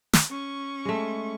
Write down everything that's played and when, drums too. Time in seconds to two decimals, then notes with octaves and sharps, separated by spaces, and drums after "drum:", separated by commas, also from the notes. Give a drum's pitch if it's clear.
0.13 drum: snare
0.30 C#4 C#6
0.85 G#3 A3